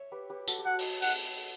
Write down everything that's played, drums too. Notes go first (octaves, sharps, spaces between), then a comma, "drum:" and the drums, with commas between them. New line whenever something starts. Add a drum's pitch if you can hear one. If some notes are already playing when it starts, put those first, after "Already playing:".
Already playing: C#5 E5
G4 B4
G4 B4
F#4 A4, drum: tambourine
G4
F#4 A4 F#5
drum: open hi-hat
F#5, drum: open hi-hat